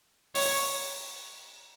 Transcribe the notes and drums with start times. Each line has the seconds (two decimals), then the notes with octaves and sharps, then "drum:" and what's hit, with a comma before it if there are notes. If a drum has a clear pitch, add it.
0.35 C#5, drum: open hi-hat